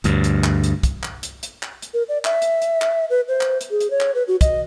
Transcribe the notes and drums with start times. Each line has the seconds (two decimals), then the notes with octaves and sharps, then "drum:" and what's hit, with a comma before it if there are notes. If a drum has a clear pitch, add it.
0.04 D2 G2, drum: hi-hat
0.24 drum: hi-hat
0.44 drum: clap
0.64 drum: hi-hat
0.83 drum: kick, hi-hat
1.03 drum: clap
1.23 drum: hi-hat
1.43 drum: hi-hat
1.63 drum: clap
1.82 drum: hi-hat
1.94 A#4
2.09 D5
2.25 E5, drum: clap
2.42 drum: hi-hat
2.62 drum: hi-hat
2.81 drum: clap
3.10 B4
3.28 C5
3.41 drum: clap
3.61 drum: hi-hat
3.71 G#4
3.81 drum: hi-hat
3.91 C#5
4.00 drum: clap
4.15 B4
4.28 F#4
4.41 D#5, drum: kick, hi-hat